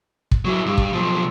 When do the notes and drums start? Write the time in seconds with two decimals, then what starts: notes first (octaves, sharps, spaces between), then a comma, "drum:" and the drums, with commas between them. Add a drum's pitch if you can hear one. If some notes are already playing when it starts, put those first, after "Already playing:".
0.31 drum: kick
0.45 F#3 E4
0.66 G2
0.77 drum: kick
0.93 B1 F3